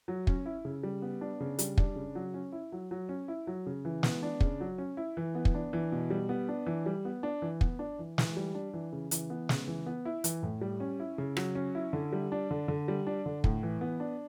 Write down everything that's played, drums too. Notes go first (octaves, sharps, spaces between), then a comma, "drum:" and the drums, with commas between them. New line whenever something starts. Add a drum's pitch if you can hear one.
F#3
C#4, drum: kick
E4
C#3
G3
B3
D4
C#3
G3, drum: hi-hat
D4, drum: kick
C#3
F#3
C#4
E4
F#3
F#3
C#4
E4
F#3
C#3
E3
B3, drum: snare
D4
C#3, drum: kick
F#3
C#4
E4
E3
B3
drum: kick
D4
E3
B2
G3
B3
D4
E3
G3
B3
D4
E3
B3, drum: kick
D4
E3
E3, drum: snare
G3
D4
E3
C#3
E3, drum: hi-hat
B3
C#3, drum: snare
E3
B3
E4
E3, drum: hi-hat
A2
G3
C#4
E4
C#3
F#3, drum: rim click
C#4
E4
D3
G3
D4
D3
D3
G3
D4
D3
A2, drum: kick
E3
B3
D4